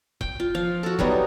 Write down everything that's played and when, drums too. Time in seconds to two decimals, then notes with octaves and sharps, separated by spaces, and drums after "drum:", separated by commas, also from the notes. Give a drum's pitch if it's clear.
0.21 G5, drum: kick E1
0.40 F4
0.55 F3 F5
0.83 F#4 A4
0.99 F#3 G3 B3 D#4, drum: kick E1